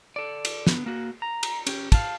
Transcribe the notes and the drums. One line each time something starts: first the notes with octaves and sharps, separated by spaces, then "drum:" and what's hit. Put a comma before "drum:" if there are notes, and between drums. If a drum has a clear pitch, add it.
A4 D5
drum: cymbal
D3 B3, drum: snare
A#3 F#4
A#5
drum: cymbal
C#4 G4, drum: cymbal
F5 A5, drum: kick, cymbal